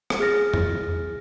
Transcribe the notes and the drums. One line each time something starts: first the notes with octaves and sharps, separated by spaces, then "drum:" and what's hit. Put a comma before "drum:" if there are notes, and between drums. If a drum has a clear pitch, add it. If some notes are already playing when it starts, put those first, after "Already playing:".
drum: rim click
G#4 F6 A6 A#6
drum: tom E2